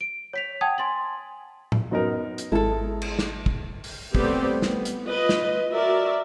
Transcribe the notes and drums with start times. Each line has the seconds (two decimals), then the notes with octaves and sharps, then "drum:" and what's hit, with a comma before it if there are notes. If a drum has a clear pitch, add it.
0.01 D7
0.33 C#5 B6 F7
0.61 F#5 G5 A5 D#6 G#6
0.78 G#5 C6 A6 F#7
1.72 drum: tom A2
1.91 F#2 B3 D#4 A#4
2.38 drum: hi-hat
2.52 G#1 G#3 E4 A4 A5
3.02 drum: cymbal
3.19 drum: snare
3.46 drum: kick
3.84 drum: open hi-hat
4.15 G3 A3 B3 C4 G4, drum: kick
4.62 B3, drum: snare
4.85 drum: hi-hat
5.08 F4 B4 D#5
5.29 drum: snare
5.73 F#4 A#4 D5 E5